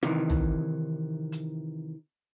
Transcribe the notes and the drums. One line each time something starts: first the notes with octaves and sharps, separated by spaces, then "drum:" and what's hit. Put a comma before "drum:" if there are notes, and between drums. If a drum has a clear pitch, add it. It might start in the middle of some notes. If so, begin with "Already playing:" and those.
C3 D#3 E3, drum: rim click
drum: tom
drum: hi-hat